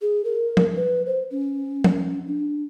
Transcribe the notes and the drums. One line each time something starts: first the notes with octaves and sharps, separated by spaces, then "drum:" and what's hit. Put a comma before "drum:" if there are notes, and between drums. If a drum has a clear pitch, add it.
G#4
A#4
drum: tom F3
B4
C5
C#4
drum: tom F3
D4